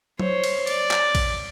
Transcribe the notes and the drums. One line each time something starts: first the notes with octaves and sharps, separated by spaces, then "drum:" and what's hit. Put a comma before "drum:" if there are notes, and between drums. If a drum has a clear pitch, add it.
C5 C#5, drum: tom
drum: cymbal
D5, drum: cymbal
drum: clap
drum: kick A#1, cymbal